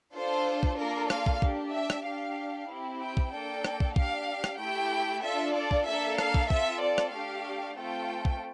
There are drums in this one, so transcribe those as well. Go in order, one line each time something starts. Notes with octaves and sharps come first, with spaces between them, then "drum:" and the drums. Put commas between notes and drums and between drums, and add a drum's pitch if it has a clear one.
D4 F4 A4 C5
drum: kick
A#3 D4 F4 A4 A#4
F5, drum: rim click
drum: kick
D4 G4, drum: kick
E5
drum: rim click
D4 G4 F5
C4 E4 G4
G5
drum: kick
A#3 D4 A4 G5
drum: rim click
drum: kick
D4 G4 F5, drum: kick
drum: rim click
A3 E4 G4 G5
D4 F4 A4 E5
D5
drum: kick
A#3 D4 A4 E5
F5, drum: rim click
drum: kick
C4 F4 A4 E5, drum: kick
D5
drum: rim click
A3 D4 G4 F5
A3 C4 F4 A4 G5
drum: kick